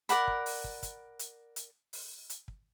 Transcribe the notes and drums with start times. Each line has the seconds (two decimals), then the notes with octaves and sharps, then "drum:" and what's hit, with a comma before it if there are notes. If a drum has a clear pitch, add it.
0.09 A#4 D5 F#5 B5, drum: hi-hat
0.27 drum: kick
0.46 drum: open hi-hat
0.64 drum: kick
0.83 drum: kick, hi-hat
1.19 drum: hi-hat
1.56 drum: hi-hat
1.93 drum: open hi-hat
2.30 drum: hi-hat
2.48 drum: kick